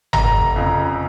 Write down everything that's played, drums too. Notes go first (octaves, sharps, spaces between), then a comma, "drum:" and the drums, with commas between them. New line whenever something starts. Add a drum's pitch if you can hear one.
F1 A#5, drum: tom G1
F2 C#3 F3